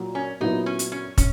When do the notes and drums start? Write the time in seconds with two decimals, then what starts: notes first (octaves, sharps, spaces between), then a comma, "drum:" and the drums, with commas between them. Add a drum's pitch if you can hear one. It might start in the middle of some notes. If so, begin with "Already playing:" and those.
Already playing: A#2 F#3
0.15 C#4
0.40 A#2 F#3 B3 D#4 E4
0.66 C#4
0.79 drum: hi-hat
0.92 C#4
1.18 C#4, drum: kick, hi-hat